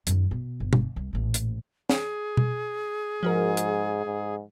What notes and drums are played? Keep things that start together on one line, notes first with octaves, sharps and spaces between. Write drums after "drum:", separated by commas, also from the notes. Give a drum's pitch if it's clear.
F#2 D#3, drum: hi-hat
B2 B3
G1
drum: tom B2
C2
A1 A#2
drum: hi-hat
G#4, drum: snare
drum: tom B2
G#2 F3 F#4 A#4
drum: hi-hat
G#2